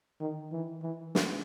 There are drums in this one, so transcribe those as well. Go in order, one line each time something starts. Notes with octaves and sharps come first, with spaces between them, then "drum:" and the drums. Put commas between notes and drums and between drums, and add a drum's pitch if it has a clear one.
D#3
E3
E3
drum: snare